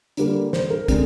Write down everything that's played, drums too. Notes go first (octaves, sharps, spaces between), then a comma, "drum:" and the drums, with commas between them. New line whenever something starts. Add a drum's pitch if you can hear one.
D3 G3 A#3, drum: hi-hat
C5, drum: snare
A#4
D3 G#3 C4, drum: kick, hi-hat